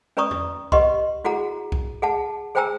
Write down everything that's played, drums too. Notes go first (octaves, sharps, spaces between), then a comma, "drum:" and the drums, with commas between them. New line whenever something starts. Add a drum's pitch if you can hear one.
C#4 B4 D5 A#5 C#6 D#6
drum: tom E2
G4 B4 D#5 F#5 C6 C#6, drum: kick B1
E4 F#4 G#4 F#5 A#5
drum: kick B1
G#4 F#5 A5
G#4 C5 G5 G#5 A#5 E6